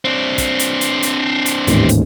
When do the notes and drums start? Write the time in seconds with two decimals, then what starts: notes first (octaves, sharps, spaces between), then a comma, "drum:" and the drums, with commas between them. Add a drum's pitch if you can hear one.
0.05 C4 D4
0.38 drum: kick, hi-hat
0.59 drum: hi-hat
0.81 drum: hi-hat
1.03 drum: hi-hat
1.46 drum: hi-hat
1.67 A1 D#2 G#2, drum: hi-hat
1.89 drum: hi-hat